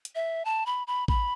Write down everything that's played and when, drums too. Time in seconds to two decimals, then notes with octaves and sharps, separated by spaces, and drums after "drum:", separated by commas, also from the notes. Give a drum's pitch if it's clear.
0.05 drum: hi-hat
0.15 E5
0.45 A5
0.66 B5
0.87 B5
1.08 B5, drum: kick A1